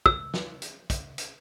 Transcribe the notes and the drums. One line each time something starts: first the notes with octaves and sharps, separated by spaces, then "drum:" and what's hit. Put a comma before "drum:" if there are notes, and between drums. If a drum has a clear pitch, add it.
E6, drum: kick
drum: snare
drum: hi-hat
drum: kick, hi-hat
drum: hi-hat